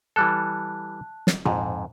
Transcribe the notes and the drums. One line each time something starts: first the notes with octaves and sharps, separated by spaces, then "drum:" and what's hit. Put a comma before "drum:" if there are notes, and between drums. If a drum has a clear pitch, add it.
E3 G3 A4 A5 F#6
drum: snare
F2 G#2, drum: tom A#2